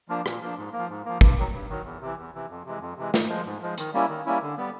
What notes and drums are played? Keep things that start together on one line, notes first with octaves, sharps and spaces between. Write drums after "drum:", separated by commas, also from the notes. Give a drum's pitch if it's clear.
F3 A#3 D4
A#2, drum: rim click
F3 A#3 D4
G#2
A#3
F3
G#2
F3 A#3
G2, drum: kick
D#3 F#3
G2
D#3 F#3
E2
C3 E3
E2
C3 E3
F2
C3 E3 G#3
F2
C3 E3 G#3
G#2, drum: snare
F3 G#3
G#2
F3 G#3
D#3, drum: hi-hat
G3 A#3 C#4 E4
D#3
G3 A#3 C#4 E4
D3
G3 B3